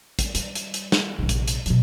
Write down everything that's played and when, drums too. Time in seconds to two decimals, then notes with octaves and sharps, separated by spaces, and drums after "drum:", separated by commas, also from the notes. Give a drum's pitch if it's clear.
0.19 drum: kick, hi-hat
0.35 G3, drum: hi-hat
0.55 drum: hi-hat
0.74 drum: hi-hat
0.92 drum: snare
1.19 A#1 C3
1.29 drum: kick, hi-hat
1.48 drum: hi-hat
1.66 B2 F#3, drum: hi-hat